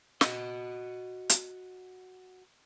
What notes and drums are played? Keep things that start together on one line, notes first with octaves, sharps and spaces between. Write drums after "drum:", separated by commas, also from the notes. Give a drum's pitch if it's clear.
F#4 D#5, drum: snare
drum: hi-hat